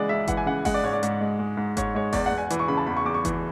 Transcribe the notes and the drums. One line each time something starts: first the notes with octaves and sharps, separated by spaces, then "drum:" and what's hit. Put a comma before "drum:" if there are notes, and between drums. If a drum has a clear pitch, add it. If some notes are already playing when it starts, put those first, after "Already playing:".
Already playing: C#3 E3 G#3 D5 F#5
C#2 E5
E3 F#5, drum: kick G1, hi-hat
G#5
C#3 F#5
G#3 F#5, drum: kick G1, open hi-hat
D5
G#2 C#5
D5
G#2, drum: hi-hat
G#3
G#3
G#2
G#2 C#5, drum: kick G1, hi-hat
G#3 C#5
E2 D5, drum: kick G1, open hi-hat
E2 F#5
G#5
E3, drum: hi-hat
C#6
C#3 B5
A5
E2 B5
C#6
E2 D6
C#6
E3, drum: kick G1, hi-hat